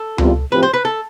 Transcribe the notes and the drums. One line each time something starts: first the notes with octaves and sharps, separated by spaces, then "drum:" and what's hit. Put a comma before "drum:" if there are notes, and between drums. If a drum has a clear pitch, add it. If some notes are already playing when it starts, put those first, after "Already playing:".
Already playing: A4
E2 C3 G3 B3 F4, drum: tom C#2
A2 F3 C4 G4 B4
C5
B4
A4